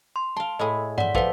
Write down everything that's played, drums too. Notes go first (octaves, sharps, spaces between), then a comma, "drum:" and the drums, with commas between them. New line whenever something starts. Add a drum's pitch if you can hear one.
C6
F5 A5 C6
A2 E4 G#4 D#5
D5 E5 F#5 C6, drum: tom G2
F3 A4 B4 F#5 C6, drum: kick